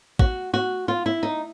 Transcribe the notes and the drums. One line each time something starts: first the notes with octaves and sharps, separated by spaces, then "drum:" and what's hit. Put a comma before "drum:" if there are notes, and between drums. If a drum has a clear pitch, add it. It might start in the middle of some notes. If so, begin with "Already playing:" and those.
F#4, drum: kick
F#4
F4
E4
D#4